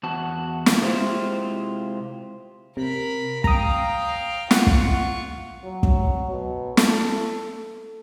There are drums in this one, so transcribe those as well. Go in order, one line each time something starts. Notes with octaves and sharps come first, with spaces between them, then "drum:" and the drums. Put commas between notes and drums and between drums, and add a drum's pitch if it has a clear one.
E2 F#4 A5
drum: snare
C3 G#3 E4 F4 G4 C5
C3 A#4 B5
F5 G5 A#5 D#6, drum: kick
F4 F#5 C#6, drum: snare
drum: kick
F#3
drum: kick
B2
A4, drum: snare